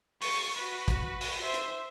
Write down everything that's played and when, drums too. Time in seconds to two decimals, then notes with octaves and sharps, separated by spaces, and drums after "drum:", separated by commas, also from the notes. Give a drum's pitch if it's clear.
0.22 C#6 A6, drum: open hi-hat
0.58 F#4 B4
0.88 drum: kick, hi-hat
1.21 drum: open hi-hat
1.42 C5 E5
1.54 drum: hi-hat